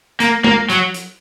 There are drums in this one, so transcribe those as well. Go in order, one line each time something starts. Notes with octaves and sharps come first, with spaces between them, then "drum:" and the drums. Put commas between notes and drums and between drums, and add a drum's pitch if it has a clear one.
A#3, drum: hi-hat
A#3, drum: tom
F#3, drum: hi-hat
drum: hi-hat